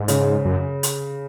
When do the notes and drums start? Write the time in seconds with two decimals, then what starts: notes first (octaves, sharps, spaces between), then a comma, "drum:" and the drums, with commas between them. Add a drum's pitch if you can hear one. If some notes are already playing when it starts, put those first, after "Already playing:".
Already playing: G#2
0.08 C#3, drum: hi-hat
0.45 F#2
0.83 drum: hi-hat